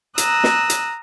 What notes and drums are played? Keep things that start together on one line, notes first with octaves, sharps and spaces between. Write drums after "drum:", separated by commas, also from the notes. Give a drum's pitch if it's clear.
A#5 D#6 E6 F#6, drum: hi-hat
drum: snare
drum: hi-hat